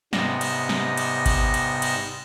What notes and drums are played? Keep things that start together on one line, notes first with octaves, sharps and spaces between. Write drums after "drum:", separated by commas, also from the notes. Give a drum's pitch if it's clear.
G#2 C3 G3 B3 D#5 A#6, drum: snare
drum: cymbal
drum: snare
drum: cymbal
drum: kick G#1, cymbal
drum: cymbal
drum: cymbal